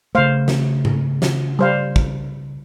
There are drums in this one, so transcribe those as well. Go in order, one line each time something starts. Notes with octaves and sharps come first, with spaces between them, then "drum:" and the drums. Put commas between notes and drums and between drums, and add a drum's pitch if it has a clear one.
C#3 A3 C5 F5
drum: snare
drum: tom G#2
drum: snare
G3 C5 F5
drum: kick